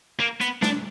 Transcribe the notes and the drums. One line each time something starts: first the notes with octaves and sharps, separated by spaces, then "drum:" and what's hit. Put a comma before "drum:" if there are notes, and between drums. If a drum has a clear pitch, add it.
A#3
B3, drum: hi-hat
D4, drum: snare